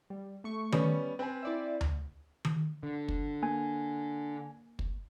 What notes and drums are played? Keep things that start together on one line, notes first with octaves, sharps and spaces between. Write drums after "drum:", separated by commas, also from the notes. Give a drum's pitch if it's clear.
G3
A3 C#6
G3 B3 C#4, drum: tom D#3
C4 B4 G#5
E4 D5 E5
drum: tom D2
drum: tom D#3
D3
drum: kick
A#3 G#5
drum: kick